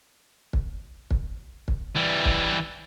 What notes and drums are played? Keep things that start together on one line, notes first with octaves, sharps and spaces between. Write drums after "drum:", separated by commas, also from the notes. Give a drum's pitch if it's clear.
drum: kick
drum: kick
drum: kick
E3 G3
drum: kick